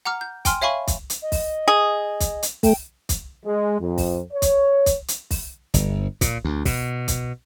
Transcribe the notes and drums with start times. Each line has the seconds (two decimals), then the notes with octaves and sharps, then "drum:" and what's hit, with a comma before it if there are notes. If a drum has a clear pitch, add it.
0.05 F#5 A#5 D6 F6
0.21 G6
0.45 G5 G#5 C6 F6, drum: kick, hi-hat
0.62 C#5 E5 F5 G#5 B5 C#6
0.87 drum: kick, hi-hat
1.10 drum: hi-hat
1.22 D#5
1.32 drum: kick, open hi-hat
1.68 G#4
2.20 drum: kick, hi-hat
2.43 drum: hi-hat
2.63 A3 G5, drum: kick, open hi-hat
3.09 drum: kick, hi-hat
3.45 G#3
3.80 F2
3.98 drum: kick, open hi-hat
4.32 C#5
4.42 drum: kick, hi-hat
4.86 drum: kick, hi-hat
5.08 drum: hi-hat
5.31 drum: kick, open hi-hat
5.74 G1, drum: kick, hi-hat
6.21 A#2, drum: kick, hi-hat
6.45 D2
6.65 B2, drum: kick, open hi-hat
7.08 drum: kick, hi-hat